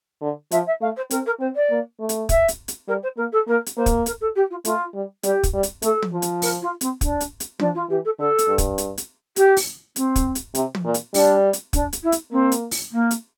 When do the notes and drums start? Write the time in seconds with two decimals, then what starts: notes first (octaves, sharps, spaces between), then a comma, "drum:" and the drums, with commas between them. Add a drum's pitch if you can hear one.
0.22 D3
0.51 F3 E5, drum: hi-hat
0.66 E5
0.81 A3 F5
0.96 C5
1.11 C4 A#4, drum: hi-hat
1.26 A#4
1.40 C4 C5
1.55 D5
1.70 A#3
2.00 A3
2.09 drum: hi-hat
2.29 E5, drum: kick, hi-hat
2.48 drum: hi-hat
2.68 drum: hi-hat
2.88 G3 A#4
3.02 C5
3.17 A#3 A#4
3.32 A4
3.47 A#3 A#4
3.66 drum: hi-hat
3.76 A#3 C5
3.86 drum: kick, hi-hat
4.06 A#4, drum: hi-hat
4.20 A4
4.35 G4
4.50 F4
4.65 A3 F4, drum: hi-hat
4.94 G3
5.23 G3 G4, drum: hi-hat
5.43 drum: kick, hi-hat
5.54 G3
5.63 drum: hi-hat
5.82 A3 A4, drum: hi-hat
6.02 drum: tom
6.13 F3
6.22 drum: hi-hat
6.42 A#4, drum: open hi-hat
6.62 F4
6.81 C4, drum: hi-hat
7.01 D4, drum: kick, hi-hat
7.20 drum: hi-hat
7.40 drum: hi-hat
7.59 F3 D4, drum: tom
7.74 F4
7.89 E3 G4
8.04 A4
8.19 D3 A4
8.39 drum: hi-hat
8.48 G2
8.58 drum: kick, hi-hat
8.78 drum: hi-hat
8.98 drum: hi-hat
9.36 G4, drum: hi-hat
9.57 drum: open hi-hat
9.96 C4, drum: hi-hat
10.16 drum: kick, hi-hat
10.35 drum: hi-hat
10.55 C3, drum: hi-hat
10.75 drum: tom
10.85 A#2
10.94 drum: hi-hat
11.14 G3 D4, drum: open hi-hat
11.53 drum: hi-hat
11.73 D4, drum: kick, hi-hat
11.93 drum: hi-hat
12.03 E4
12.12 drum: hi-hat
12.31 A#3 C4
12.52 drum: hi-hat
12.71 drum: open hi-hat
12.91 A#3
13.11 drum: hi-hat